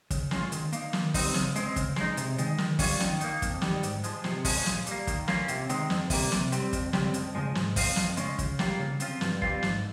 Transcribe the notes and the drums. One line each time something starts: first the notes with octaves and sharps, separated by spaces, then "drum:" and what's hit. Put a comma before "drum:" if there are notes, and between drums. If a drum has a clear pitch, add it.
C#3, drum: kick, hi-hat
G#3 C#4 F4, drum: snare
D#3, drum: hi-hat
A#3 D#4, drum: hi-hat
D#3, drum: snare
G3 C4 D#4, drum: kick, open hi-hat
C#3, drum: snare
G#3 C4, drum: hi-hat
C#3, drum: kick, hi-hat
G#3 D#4, drum: snare
C3, drum: hi-hat
D#3 G#3, drum: hi-hat
D#3, drum: snare
G3 C#4 F4, drum: kick, open hi-hat
D#3, drum: snare
A#3 D#4, drum: hi-hat
F2, drum: kick, hi-hat
D#3 G3, drum: snare
G#2, drum: hi-hat
F3 G#3, drum: hi-hat
C3, drum: snare
F3 G#3 C#4, drum: kick, open hi-hat
A#2, drum: snare
G3 A#3, drum: hi-hat
D#3, drum: kick, hi-hat
A#3 C#4 F4, drum: snare
C3, drum: hi-hat
D#3 G#3 C4, drum: hi-hat
F2, drum: snare
C3 G3 A#3, drum: kick, open hi-hat
C3, drum: snare
G3 C4, drum: hi-hat
F2, drum: kick, hi-hat
C#3 G3 C4, drum: snare
F2, drum: hi-hat
C#3 F3 G#3
G#2, drum: snare
F3 C4 F4, drum: kick, open hi-hat
F2, drum: snare
C#3 G#3 C#4 F4, drum: hi-hat
C#3, drum: kick, hi-hat
G3 A#3 F4, drum: snare
C#3
F3 C4 F4, drum: hi-hat
G2, drum: snare
G3 C4 F4, drum: kick
G#2, drum: snare